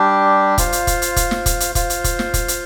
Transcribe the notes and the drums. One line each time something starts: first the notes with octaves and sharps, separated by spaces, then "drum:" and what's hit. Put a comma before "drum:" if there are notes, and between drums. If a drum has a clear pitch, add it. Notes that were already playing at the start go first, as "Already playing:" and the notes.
Already playing: G3 D4 G4
F4 C5 F5, drum: kick, hi-hat
drum: hi-hat
drum: kick, hi-hat
drum: hi-hat
drum: kick, hi-hat
drum: snare
drum: kick, hi-hat
drum: hi-hat
F4 C5 F5, drum: kick, hi-hat
drum: hi-hat
drum: kick, hi-hat
drum: snare
drum: kick, hi-hat
drum: hi-hat